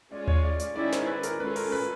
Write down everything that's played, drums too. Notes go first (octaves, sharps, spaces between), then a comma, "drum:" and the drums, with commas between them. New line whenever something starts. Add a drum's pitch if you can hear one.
G#3 C#4 F4 D5
C#5, drum: tom D#2
D5
D5, drum: hi-hat
D#3 G#3 C#4 E4 G#4 D5
C5, drum: snare
B4
A#4, drum: hi-hat
G#3 C#4 F4 A4 B4
A#4, drum: open hi-hat
B4